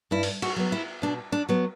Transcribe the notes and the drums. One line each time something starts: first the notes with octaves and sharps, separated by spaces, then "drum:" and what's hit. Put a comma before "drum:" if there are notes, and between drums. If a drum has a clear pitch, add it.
G2 E4
drum: open hi-hat
F#4, drum: cymbal
F#3 B3
E4
B2 D4
D4
F#3 B3